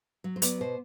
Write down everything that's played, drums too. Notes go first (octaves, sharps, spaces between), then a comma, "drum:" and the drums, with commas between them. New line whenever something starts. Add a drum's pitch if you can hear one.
F#3
C5
B3 D5, drum: hi-hat
B2 C5